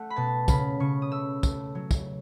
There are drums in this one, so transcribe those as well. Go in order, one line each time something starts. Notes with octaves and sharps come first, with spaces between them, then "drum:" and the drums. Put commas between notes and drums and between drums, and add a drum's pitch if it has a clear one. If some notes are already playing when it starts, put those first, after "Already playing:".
Already playing: A3 F#5
B5
B2 A5
C#3 B5, drum: kick, tambourine
C#3 C#6
D#6
A3 E6
A3, drum: kick, tambourine
F#3
drum: kick, tambourine